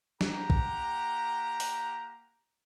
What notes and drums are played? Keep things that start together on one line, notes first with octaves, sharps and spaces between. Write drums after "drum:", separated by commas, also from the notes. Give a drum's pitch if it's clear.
A#3 G4 F#5 A#5, drum: snare
drum: kick B1
drum: open hi-hat